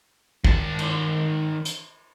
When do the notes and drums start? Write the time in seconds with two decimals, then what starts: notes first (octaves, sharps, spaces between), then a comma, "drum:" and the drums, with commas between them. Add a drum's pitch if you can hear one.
0.44 D#3 A5, drum: kick
0.79 drum: cymbal
1.65 drum: hi-hat